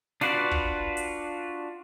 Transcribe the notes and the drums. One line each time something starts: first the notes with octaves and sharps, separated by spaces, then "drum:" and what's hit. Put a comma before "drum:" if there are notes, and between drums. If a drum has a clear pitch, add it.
D4 F4 F#4 B4 D5, drum: snare
drum: kick
drum: hi-hat